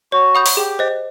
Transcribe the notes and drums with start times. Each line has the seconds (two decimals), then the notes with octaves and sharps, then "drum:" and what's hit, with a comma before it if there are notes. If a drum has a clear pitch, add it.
0.12 F#4 C#5
0.35 F#5 B5 D#6 G6
0.46 drum: open hi-hat
0.57 G4 G#4
0.79 C5 D#5